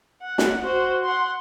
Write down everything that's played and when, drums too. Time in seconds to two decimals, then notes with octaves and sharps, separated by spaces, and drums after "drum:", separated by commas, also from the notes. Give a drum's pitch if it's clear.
0.22 F#5
0.38 drum: snare
0.64 F#4 C5
1.04 F#5 C6